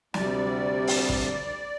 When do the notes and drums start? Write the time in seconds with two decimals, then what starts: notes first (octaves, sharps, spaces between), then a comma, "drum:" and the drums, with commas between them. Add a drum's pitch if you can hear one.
0.14 D2 C3 G3 D5, drum: snare
0.88 drum: open hi-hat
1.10 drum: kick